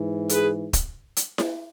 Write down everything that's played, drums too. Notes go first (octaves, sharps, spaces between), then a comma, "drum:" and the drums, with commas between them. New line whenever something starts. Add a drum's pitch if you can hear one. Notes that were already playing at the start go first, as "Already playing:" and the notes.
Already playing: G#2 E3
G#4 B4, drum: hi-hat
drum: kick, hi-hat
drum: hi-hat
drum: snare E4